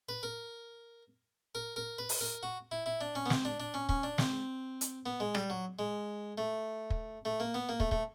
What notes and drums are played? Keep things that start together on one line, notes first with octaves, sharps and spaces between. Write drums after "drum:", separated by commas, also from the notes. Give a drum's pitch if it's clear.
B4
A#4
A#4
A#4
B4
drum: open hi-hat
A#4
F#4
E4
E4
D4
C#4
B3
C4, drum: snare
D4
D4
C#4
C#4, drum: kick
D4
C4, drum: snare
drum: hi-hat
B3
G#3
G3, drum: rim click
F#3
G#3
A3
drum: kick
A3
A#3
B3
A#3
A3, drum: kick
A3, drum: kick